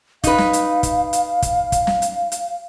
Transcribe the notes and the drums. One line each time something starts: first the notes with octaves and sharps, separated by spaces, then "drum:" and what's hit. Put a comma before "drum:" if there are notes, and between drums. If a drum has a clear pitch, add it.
D#4 B4 F5, drum: kick, hi-hat
drum: snare
drum: hi-hat
drum: kick, hi-hat
drum: hi-hat
drum: kick, hi-hat
drum: kick, hi-hat
drum: snare
drum: hi-hat
drum: hi-hat